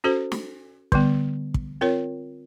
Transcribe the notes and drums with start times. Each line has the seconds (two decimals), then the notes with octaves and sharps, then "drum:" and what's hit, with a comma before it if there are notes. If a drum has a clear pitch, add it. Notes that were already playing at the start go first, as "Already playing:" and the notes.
0.04 C#4 F#4 A4 C5
0.32 drum: snare
0.92 D3 G3 B3, drum: kick
1.54 drum: kick
1.81 C4 F4 A#4 C#5